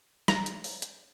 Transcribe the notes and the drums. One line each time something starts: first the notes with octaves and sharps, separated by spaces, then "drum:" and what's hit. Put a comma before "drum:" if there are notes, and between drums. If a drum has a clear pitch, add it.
A#5, drum: snare
drum: hi-hat
drum: open hi-hat
drum: hi-hat